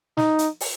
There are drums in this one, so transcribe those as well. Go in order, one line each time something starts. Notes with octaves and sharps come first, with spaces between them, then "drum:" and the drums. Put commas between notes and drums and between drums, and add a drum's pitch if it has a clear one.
D#4, drum: snare
drum: hi-hat
drum: open hi-hat